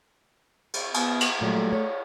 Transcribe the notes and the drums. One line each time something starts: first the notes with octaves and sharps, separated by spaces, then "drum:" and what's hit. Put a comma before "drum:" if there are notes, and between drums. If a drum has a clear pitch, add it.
drum: cymbal
B3, drum: cymbal
drum: cymbal
A#2 F#3 G3 A3
C#5